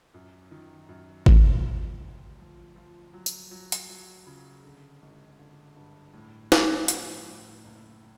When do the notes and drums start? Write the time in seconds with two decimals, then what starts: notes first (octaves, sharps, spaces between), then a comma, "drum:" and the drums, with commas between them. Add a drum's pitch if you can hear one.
0.14 F#2
0.51 D#3
0.89 F#2
1.26 G#3, drum: kick G#1
1.64 F3
2.02 D2
2.40 F3
2.76 F3
3.13 F#3
3.26 drum: tambourine
3.51 F#3
3.72 drum: hi-hat
3.89 F#3
4.27 C#3
4.64 D3
5.02 G#1
5.39 D3
5.76 G2
6.13 A2
6.52 A2, drum: snare
6.88 F3, drum: hi-hat
7.27 A2
7.64 F#1